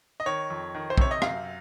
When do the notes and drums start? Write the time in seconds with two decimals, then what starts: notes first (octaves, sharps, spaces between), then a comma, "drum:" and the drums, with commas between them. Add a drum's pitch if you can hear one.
0.20 D#5
0.26 D#3 C#5
0.50 F2
0.75 D#3
0.90 C5
0.98 C3 C#5, drum: kick
1.11 D#5
1.22 F#2 F5, drum: rim click